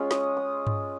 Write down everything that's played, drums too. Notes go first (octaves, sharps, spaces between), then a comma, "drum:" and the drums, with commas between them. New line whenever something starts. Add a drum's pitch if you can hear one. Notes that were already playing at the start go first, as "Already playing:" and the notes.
Already playing: G#3 C#4 F4
D#6, drum: snare
D#6
drum: tom G2